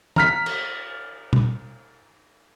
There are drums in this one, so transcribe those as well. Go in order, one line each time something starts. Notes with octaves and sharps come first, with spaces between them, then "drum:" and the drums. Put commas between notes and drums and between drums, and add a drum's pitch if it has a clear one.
A#5 F6 B6, drum: tom
drum: cymbal
drum: tom